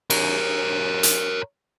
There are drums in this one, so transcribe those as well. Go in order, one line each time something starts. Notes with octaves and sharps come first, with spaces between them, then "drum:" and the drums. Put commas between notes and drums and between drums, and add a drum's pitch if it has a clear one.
A#4 C#5, drum: cymbal
drum: hi-hat